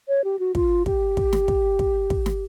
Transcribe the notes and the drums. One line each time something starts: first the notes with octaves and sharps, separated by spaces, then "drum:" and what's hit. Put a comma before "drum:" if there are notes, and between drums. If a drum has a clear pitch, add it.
C#5
G4
F#4
F4, drum: kick
G4, drum: kick
drum: kick
drum: snare
drum: kick
drum: kick
drum: kick
drum: snare